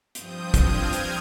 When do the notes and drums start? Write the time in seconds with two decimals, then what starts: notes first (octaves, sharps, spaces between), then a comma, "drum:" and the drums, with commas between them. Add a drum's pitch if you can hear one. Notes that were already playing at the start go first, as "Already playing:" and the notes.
0.15 G2 F3 C4 D#6 G6, drum: hi-hat
0.54 F6 G#6, drum: kick, hi-hat
0.93 drum: hi-hat